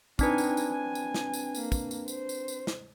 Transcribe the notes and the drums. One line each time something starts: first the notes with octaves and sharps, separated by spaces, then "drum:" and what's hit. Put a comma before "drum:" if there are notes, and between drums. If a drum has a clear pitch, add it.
C4 D4 D#4 B4 G#5, drum: kick, tambourine
drum: tambourine
drum: tambourine
G#5
drum: tambourine
drum: snare
drum: tambourine
A#3, drum: tambourine
drum: kick, tambourine
drum: tambourine
C5, drum: tambourine
drum: tambourine
drum: tambourine
drum: snare